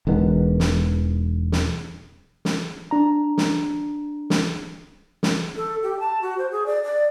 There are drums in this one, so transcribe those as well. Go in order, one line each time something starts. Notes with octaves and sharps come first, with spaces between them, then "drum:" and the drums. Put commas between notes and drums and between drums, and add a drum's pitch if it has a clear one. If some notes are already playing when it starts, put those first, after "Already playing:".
E1 E2 D#3 B3
drum: snare
drum: snare
drum: snare
D4 A#5
drum: snare
drum: snare
drum: snare
A4
G4
A5
F#4
C5
G#4
D5
D5